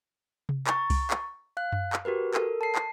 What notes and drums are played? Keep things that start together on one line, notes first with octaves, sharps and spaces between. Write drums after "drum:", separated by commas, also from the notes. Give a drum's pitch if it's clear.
drum: tom C3
A#5 C#6 A6, drum: clap
drum: kick C2, open hi-hat
drum: clap
F5 F#6
drum: tom F#2
drum: clap
F#4 G4 A#4 B4
A4 A#4, drum: clap
A5 C7
drum: clap